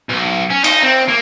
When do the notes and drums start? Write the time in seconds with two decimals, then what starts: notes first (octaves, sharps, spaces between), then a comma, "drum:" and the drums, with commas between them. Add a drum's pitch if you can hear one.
0.09 B1
0.50 C#4
0.64 D#4, drum: cymbal
0.82 C4
1.08 A#3